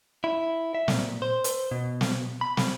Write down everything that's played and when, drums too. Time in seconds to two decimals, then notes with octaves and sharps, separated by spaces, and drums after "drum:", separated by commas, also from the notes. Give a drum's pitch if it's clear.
0.24 E4
0.75 E5
0.88 A#2, drum: snare
1.22 C5
1.44 drum: hi-hat
1.71 B2
2.01 drum: snare
2.41 B5
2.57 drum: snare